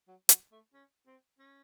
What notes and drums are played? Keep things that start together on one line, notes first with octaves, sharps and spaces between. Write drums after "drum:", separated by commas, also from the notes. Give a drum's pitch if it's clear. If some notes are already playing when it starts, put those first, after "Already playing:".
F#3
F#3, drum: hi-hat
A3
C#4
C4
C#4